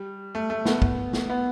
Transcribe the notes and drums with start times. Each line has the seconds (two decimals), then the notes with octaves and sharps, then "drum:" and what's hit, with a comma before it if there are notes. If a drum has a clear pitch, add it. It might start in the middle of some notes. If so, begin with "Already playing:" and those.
Already playing: G3
0.35 A3
0.50 A3
0.65 B3, drum: snare
0.82 drum: kick
1.13 drum: snare
1.30 B3